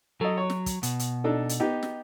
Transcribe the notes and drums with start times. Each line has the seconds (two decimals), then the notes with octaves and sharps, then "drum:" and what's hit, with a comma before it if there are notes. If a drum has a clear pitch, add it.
0.21 F#3 A4 D#5
0.37 C#5
0.50 drum: snare
0.66 drum: kick, hi-hat
0.83 B2, drum: hi-hat
0.99 drum: hi-hat
1.24 D4 D#4 A4
1.49 drum: hi-hat
1.60 B3 D#4 G4
1.83 drum: snare